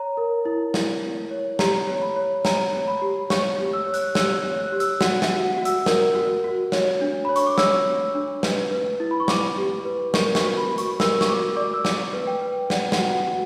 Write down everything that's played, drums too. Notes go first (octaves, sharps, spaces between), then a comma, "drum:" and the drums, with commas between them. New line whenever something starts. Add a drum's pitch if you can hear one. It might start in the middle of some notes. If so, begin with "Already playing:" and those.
Already playing: C#5 A#5
A#4
E4
E4, drum: snare
E4
C#5
G4 A#5, drum: snare
C#5
B5
C#5
C#5 A#5, drum: snare
C#5
B5
G4
C#5 C#6, drum: snare
G4
E6
C#5
F#6, drum: hi-hat
G4 E6, drum: snare
C#5
F#6
G4
E6, drum: hi-hat
F#4 F#5, drum: snare
E5, drum: snare
F#4
F#5
F#4
E6, drum: hi-hat
A#4, drum: snare
F#4
F#4
C#5, drum: snare
D4
C#5 B5
C#6, drum: hi-hat
D6
C#5 E6, drum: snare
C#5
D4
B4, drum: snare
B4
E4
B5
C#6
E4 D6, drum: snare
G4
B4
A#4 C#6, drum: snare
C#6, drum: snare
F#4
B5
F#4
C#6, drum: hi-hat
A#4 E6, drum: snare
C#6, drum: snare
F#4 D6
D5 D6
E6
D5 D6, drum: snare
B4
G5
B4
D5 F#5, drum: snare
F#5, drum: snare
F#4
F#5
F#4